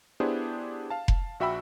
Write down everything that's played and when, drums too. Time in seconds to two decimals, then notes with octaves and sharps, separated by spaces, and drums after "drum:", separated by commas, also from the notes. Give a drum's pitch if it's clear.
0.20 B3 D4 E4 G4 G#4 C5
0.90 F5 A5
1.08 drum: kick F1
1.40 A#1 F#4 E5 G5 B5 E6